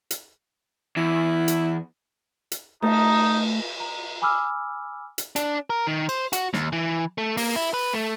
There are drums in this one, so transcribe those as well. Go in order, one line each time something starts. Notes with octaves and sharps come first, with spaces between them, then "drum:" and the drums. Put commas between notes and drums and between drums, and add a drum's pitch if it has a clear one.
drum: hi-hat
E2 E4
drum: hi-hat
drum: hi-hat
A3 D#4, drum: cymbal
A#5
G#5 B5 D6 E6 F6
drum: hi-hat
D4, drum: hi-hat
A#4
D#3
C5, drum: cymbal
F#4, drum: hi-hat
D#2, drum: snare
E3
A3
A#3, drum: open hi-hat
E4
B4
A3